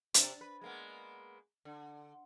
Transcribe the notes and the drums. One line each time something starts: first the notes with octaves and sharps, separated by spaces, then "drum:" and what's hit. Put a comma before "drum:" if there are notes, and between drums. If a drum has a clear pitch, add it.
C3 D4, drum: hi-hat
B4
G#3 A#3 B3
D3